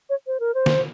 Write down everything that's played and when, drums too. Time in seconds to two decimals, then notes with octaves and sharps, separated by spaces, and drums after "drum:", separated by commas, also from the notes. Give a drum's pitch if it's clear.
0.10 C#5
0.27 C5
0.40 A#4
0.54 C5
0.66 drum: snare